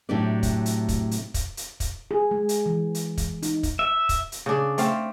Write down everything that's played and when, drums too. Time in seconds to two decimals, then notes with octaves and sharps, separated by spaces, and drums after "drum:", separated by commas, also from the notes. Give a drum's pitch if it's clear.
0.09 A2 C3 F#3 D4 G4 D5
0.43 drum: kick, hi-hat
0.66 drum: hi-hat
0.89 drum: kick, hi-hat
1.11 drum: hi-hat
1.34 drum: kick, hi-hat
1.57 drum: hi-hat
1.80 drum: kick, hi-hat
2.11 G#4
2.31 G#3
2.49 drum: hi-hat
2.66 E3
2.95 drum: hi-hat
3.17 drum: kick, hi-hat
3.43 D#4, drum: hi-hat
3.63 drum: kick, hi-hat
3.79 E5
4.09 drum: kick, hi-hat
4.32 drum: hi-hat
4.46 C#3 D4
4.78 A3 C4 F5, drum: hi-hat